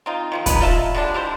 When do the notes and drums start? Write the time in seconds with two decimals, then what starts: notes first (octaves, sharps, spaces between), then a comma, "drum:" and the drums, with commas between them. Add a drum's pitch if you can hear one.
0.06 C4 D#4 F4
0.32 D#3 F3 A#3
0.46 G#3 D#4 B4, drum: kick, hi-hat
0.61 F4 D#5 E5 A5
0.95 D3 G3 G#3 D4
1.14 G3 E4 C5